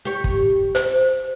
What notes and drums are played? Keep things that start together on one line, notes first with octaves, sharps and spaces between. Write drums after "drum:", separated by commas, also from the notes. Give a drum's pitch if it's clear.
G4 C#5
drum: kick
C5, drum: hi-hat